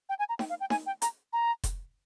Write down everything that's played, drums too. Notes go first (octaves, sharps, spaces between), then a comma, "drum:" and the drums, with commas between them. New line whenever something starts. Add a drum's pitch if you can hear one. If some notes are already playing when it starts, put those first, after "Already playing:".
G5
G#5
A#5
G5, drum: snare D#4
F5
G5
G#5, drum: snare D#4
G5
A#5, drum: hi-hat
A#5
drum: kick F1, hi-hat